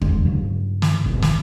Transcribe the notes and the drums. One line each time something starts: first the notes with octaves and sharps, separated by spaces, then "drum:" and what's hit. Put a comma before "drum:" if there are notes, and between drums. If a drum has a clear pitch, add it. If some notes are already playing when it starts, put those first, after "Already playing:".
E2 D3 G#3 D4, drum: kick
G2 C#3 F#3
drum: snare
F#1 C2 G#2 B2
drum: snare